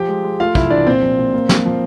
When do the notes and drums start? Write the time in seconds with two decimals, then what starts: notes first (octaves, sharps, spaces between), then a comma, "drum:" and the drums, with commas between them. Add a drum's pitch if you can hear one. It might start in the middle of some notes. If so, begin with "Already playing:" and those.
Already playing: F3 G4 G5
0.08 G#3
0.24 G#3
0.40 A3 F4 F5
0.55 C2 E4 E5, drum: kick
0.70 E3 D4 D5
0.86 A#2 C4 C5
1.02 F3
1.19 A#2
1.34 A#3
1.49 A#3, drum: snare
1.66 F3